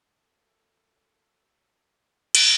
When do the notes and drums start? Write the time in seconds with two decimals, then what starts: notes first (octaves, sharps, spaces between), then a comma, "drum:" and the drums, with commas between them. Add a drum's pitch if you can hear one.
0.18 F#3 A#3 E4 A4
2.35 drum: cymbal